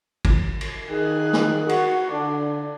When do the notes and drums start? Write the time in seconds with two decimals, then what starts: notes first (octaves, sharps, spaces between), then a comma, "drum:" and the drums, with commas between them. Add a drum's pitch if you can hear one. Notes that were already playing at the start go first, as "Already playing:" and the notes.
0.25 drum: kick, cymbal
0.61 drum: cymbal
0.90 D#3 G#4 F#6
1.33 drum: snare
1.69 F#4, drum: cymbal
2.11 D3 D4